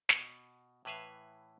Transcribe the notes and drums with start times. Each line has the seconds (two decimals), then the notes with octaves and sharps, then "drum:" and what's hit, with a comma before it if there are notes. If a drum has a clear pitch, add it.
0.09 B2, drum: snare
0.85 A2 E3 B4 E5 F5